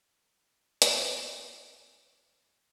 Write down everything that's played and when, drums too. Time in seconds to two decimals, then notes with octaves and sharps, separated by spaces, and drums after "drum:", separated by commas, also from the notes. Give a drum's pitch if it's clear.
0.82 F#3 A#3 C4 D#4 G#4 C#5, drum: hi-hat